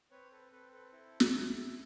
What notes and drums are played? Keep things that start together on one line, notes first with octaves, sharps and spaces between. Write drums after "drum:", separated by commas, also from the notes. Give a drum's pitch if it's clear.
C4 B4 C#5
A4 B4
C4 A4 B4
A4 B4
E4 A4
drum: snare
E4